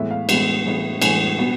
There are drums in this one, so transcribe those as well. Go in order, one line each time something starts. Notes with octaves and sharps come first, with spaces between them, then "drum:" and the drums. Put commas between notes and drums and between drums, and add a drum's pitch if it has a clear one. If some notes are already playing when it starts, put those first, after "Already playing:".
Already playing: A2 E3 G#3 B3 E5
F5
A2 E3 G#3 B3, drum: cymbal
A2 E3 G#3 B3
A2 E3 G#3 B3 G#5, drum: cymbal
B2 B3